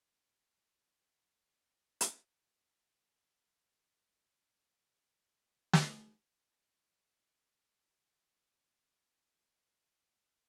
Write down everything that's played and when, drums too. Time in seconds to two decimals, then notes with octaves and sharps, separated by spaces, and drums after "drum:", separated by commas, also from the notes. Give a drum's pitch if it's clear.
0.56 D#3 C#5 G5
1.64 F4 E6
2.01 drum: hi-hat
2.38 C3 C#4 D#4 D#5
3.40 B4 C#5 D#5
3.80 G2 D3 D4 G5 D#6
4.19 D2 G#3 C#5 D#5 E5
4.65 B4
5.73 drum: snare
7.56 A#2 G#4 A#5 B5 D6 D#6
8.88 D3 G3 G4